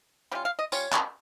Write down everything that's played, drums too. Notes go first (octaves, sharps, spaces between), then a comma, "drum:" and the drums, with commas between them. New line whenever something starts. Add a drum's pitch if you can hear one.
G3 C#4 F4 G4
F5
D#5
G3 C#4 F4 C#5, drum: tambourine
drum: clap